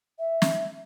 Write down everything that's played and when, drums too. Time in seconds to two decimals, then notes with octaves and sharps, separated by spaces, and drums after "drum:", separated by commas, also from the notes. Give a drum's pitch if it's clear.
0.19 E5
0.42 drum: snare